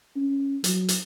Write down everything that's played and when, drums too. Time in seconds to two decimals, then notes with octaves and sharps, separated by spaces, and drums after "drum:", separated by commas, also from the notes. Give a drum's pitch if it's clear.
0.16 C#4
0.64 F#3, drum: hi-hat
0.89 drum: hi-hat